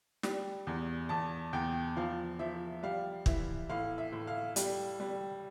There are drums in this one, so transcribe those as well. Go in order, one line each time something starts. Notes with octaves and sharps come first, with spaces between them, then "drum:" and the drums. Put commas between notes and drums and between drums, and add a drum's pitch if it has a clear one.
G3, drum: snare
E2
E2 A5
E2 G5
F3 F5
F3 E5
G3 F5
E3 E5, drum: kick
A2 F5
E5
A2
F5
G3, drum: hi-hat
G3